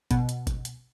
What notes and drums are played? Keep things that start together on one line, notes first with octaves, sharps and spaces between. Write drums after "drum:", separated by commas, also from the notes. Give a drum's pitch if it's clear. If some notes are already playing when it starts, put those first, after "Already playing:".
B2, drum: kick G#1, hi-hat
drum: hi-hat
drum: kick G#1, hi-hat
drum: hi-hat